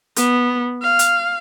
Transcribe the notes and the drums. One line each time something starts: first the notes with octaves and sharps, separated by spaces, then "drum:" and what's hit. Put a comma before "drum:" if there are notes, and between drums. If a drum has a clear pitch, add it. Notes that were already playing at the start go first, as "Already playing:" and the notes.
B3, drum: hi-hat
F5
drum: hi-hat